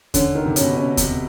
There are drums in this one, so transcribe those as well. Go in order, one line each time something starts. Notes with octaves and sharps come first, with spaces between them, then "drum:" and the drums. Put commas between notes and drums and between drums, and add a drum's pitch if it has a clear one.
D3 C#4, drum: kick D#2, hi-hat
D#3
C3
B2 C#4, drum: hi-hat
C#4
C3, drum: kick D#2, hi-hat